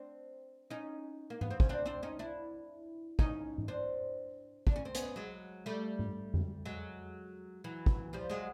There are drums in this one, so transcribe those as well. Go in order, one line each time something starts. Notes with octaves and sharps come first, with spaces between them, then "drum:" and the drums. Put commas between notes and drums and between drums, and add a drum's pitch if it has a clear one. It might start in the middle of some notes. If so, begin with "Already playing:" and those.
Already playing: C4 D4
C#4 D#4
A#3
B3, drum: tom G#2
C4
C#4, drum: kick
C4 D4
C4 D4
C#4 D#4
D4 E4
C#4 D#4, drum: kick
drum: tom G#2
C4 D4
D4, drum: kick
C#4
C4
B3 C#4, drum: hi-hat
F#3 G#3
G3 A3
drum: tom G#2
drum: tom F2
F#3 G#3
E3 F#3
drum: kick
F3 G3
F#3 G#3